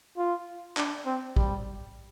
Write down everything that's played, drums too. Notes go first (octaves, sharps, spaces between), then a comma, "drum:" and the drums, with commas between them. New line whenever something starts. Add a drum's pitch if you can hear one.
F4
D4, drum: clap
C4
G3, drum: kick